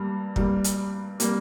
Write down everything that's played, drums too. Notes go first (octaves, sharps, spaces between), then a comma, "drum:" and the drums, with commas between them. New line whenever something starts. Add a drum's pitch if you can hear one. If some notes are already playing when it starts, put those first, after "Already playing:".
Already playing: G2 G3 A#3
G2 G3 A#3, drum: kick
drum: hi-hat
G3 A#3, drum: hi-hat